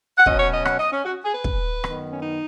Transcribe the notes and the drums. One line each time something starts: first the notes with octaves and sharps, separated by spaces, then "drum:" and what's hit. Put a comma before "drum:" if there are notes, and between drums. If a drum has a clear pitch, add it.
F#5
B2 F#3 C#4 D#5, drum: kick
C#5
D#5
F#5, drum: rim click
D#5
C#4
F#4
G#4
B4
drum: kick
F#2 D#3 B3, drum: rim click
C#4
D#4